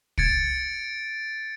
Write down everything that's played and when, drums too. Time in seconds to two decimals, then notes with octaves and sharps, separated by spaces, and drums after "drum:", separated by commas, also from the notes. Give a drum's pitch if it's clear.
0.18 G#6 A6 C#7 D7, drum: kick